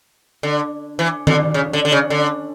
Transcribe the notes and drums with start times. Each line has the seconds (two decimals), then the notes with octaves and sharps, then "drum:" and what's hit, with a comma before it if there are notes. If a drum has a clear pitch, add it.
0.43 D3
0.99 E3
1.27 D3, drum: tom D#3
1.54 C#3
1.73 D3
1.85 D3
1.92 C#3
2.10 D3